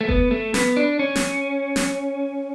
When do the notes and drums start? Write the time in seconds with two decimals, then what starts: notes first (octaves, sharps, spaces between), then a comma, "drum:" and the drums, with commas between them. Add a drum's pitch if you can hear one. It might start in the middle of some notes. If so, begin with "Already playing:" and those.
0.01 A3
0.09 B3, drum: kick F#1
0.31 A3
0.54 B3, drum: snare
0.77 D4
0.99 C#4
1.16 drum: snare
1.76 drum: snare